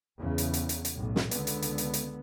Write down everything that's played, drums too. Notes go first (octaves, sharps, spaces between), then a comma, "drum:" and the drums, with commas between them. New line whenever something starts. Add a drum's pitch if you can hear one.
E2 C#3
drum: hi-hat
drum: hi-hat
drum: hi-hat
drum: hi-hat
B1 A2
drum: snare
C#2 D3 B3, drum: hi-hat
drum: hi-hat
drum: hi-hat
drum: hi-hat
drum: hi-hat